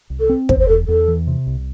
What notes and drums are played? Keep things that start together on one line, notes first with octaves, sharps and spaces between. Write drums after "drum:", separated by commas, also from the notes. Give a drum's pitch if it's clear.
C2
A4
C4
E2 C5, drum: kick
C5
E2 A4
E2 A4
E3
C3
C2